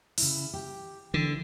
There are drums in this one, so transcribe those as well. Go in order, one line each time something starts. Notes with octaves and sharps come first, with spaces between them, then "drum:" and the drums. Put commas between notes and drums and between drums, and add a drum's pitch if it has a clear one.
C#3 E4, drum: open hi-hat
G4
D3 E3